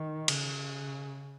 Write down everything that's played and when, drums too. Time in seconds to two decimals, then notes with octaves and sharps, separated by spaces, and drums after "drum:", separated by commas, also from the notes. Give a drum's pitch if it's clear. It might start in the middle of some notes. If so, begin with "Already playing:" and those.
Already playing: D#3
0.28 C#3, drum: cymbal